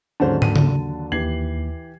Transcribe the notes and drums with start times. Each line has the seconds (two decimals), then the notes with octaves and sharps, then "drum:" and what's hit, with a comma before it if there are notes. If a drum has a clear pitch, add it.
0.20 D#2 G#2 D3 F#3 C#4 C5 A5
0.42 D#7, drum: tom
0.56 drum: tom C#3
1.12 D#2 E3 G4 G#6 C7 F#7